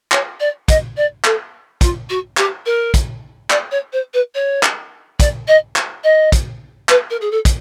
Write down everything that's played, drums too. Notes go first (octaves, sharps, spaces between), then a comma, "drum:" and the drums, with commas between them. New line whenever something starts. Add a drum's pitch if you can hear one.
C#5, drum: clap
D5
D#5, drum: kick, hi-hat
D5
A4, drum: clap
F4, drum: kick, hi-hat
F#4
G4, drum: clap
A#4
drum: kick, hi-hat
D5, drum: clap
C#5
C5
B4
C#5
drum: clap
D5, drum: kick, hi-hat
D#5
drum: clap
D#5
drum: kick, hi-hat
B4, drum: clap
A#4
G#4
A4
drum: kick, hi-hat